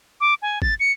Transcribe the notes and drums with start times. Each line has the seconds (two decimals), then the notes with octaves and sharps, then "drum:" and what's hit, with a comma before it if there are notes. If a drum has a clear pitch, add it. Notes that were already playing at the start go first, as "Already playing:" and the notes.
0.21 D6
0.42 G#5
0.62 A6, drum: kick
0.80 C#7